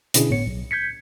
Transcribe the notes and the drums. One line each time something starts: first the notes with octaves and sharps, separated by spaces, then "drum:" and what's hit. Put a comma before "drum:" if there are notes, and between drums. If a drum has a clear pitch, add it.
B2 D3 C#4 D4 E4 G#4, drum: hi-hat
G1 A2 B3 C#5 C#7
B1
G6 G#6 B6 C#7